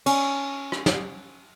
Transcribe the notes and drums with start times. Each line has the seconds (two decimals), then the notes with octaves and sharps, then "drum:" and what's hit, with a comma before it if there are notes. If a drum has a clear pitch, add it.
0.06 C#4, drum: cymbal
0.72 drum: rim click
0.86 drum: snare